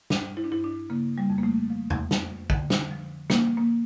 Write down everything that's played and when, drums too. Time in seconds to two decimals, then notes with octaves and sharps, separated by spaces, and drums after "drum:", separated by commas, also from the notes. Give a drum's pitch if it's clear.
0.10 G2 D4, drum: snare
0.37 E4
0.44 D4
0.51 G2 E4
0.64 D4
0.90 C#3 A#3
1.18 G3
1.30 F2
1.38 A#3
1.43 A3
1.70 F3
1.90 drum: tom E2
2.11 F2, drum: snare
2.50 D3, drum: kick
2.70 drum: snare
2.91 F3
3.30 F3 A#3, drum: snare
3.57 A#3